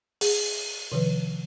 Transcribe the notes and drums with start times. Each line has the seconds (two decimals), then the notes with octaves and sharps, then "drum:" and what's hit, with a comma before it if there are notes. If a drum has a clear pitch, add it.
0.21 G#4, drum: open hi-hat
0.92 C3 D#3 F3 B4